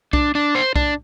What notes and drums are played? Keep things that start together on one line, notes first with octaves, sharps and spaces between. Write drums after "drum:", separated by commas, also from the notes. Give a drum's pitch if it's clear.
D4, drum: kick B1
D4
C5
D4, drum: kick B1